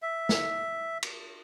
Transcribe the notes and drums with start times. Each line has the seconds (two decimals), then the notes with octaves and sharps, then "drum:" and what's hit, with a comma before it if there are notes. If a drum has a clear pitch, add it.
0.02 E5
0.29 drum: snare
1.03 drum: cymbal